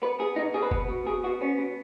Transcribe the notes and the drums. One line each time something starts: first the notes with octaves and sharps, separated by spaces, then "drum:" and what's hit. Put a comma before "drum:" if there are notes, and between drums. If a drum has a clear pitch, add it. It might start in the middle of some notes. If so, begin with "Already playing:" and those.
B3 B4
B3 G#4
B2 D#4
B2 G#4
B4
B3, drum: kick
B2
B2 G#4
B3 F#4
B3 C#4
B2